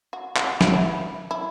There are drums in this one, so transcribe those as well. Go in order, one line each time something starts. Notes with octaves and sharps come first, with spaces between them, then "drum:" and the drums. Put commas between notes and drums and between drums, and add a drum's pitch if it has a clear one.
F#4
F#4, drum: clap
E4, drum: snare
F#4
E4
E4